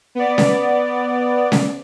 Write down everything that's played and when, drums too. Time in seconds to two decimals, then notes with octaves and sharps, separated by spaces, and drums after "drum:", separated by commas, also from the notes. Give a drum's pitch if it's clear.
0.15 B3 D5
0.38 drum: snare C#4
1.52 drum: snare C#4